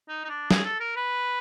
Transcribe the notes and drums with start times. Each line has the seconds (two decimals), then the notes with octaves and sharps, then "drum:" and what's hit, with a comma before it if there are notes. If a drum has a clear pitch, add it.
0.09 D#4
0.25 D#4
0.29 D4
0.51 G#4, drum: snare
0.65 A4
0.80 A#4
0.96 B4